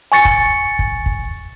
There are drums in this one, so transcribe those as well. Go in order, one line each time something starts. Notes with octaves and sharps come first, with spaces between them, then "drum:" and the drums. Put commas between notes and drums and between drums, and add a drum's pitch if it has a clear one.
G#5 C#6 A6 C#7
drum: kick
drum: kick
drum: kick